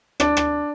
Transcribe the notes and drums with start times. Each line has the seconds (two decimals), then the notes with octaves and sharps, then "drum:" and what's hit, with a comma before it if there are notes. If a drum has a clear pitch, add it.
0.20 D4, drum: rim click
0.37 drum: rim click